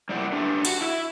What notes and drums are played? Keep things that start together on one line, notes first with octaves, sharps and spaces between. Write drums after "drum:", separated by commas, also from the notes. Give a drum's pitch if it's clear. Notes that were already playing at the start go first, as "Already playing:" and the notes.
G3 A#3 E4 G4 D5 F#5
A3 D4 G4 A4
F#4, drum: cymbal
E4 E5